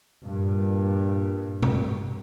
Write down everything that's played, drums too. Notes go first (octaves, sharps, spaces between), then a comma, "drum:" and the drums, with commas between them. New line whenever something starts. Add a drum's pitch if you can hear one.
G2 A#2
drum: tom B2